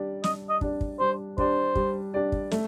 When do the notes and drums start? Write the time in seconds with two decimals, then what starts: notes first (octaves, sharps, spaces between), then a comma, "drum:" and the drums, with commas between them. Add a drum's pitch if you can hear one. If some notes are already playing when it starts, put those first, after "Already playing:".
Already playing: G3 D4 G4 D5
0.24 G3 D#5, drum: snare
0.49 D#5
0.61 D4 G4 D5, drum: kick
0.81 drum: kick
0.99 G3 C5
1.38 D4 G4 C5 D5, drum: kick
1.75 G3, drum: kick
2.14 D4 G4 D5
2.32 drum: kick
2.51 A3, drum: snare